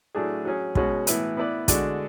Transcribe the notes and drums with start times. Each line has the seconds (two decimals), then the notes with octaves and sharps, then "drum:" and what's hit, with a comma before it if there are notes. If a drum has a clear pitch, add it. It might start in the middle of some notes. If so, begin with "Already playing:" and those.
0.15 A2 F#3 A3 D4 G#4
0.45 F#3 C#4 G#4
0.75 B2 G#3 C#4 F#4, drum: kick
1.07 A2 E3 B3 E4 B4, drum: hi-hat
1.37 B3 E4 B4 D5
1.68 D3 G#3 D4 F#4, drum: kick, hi-hat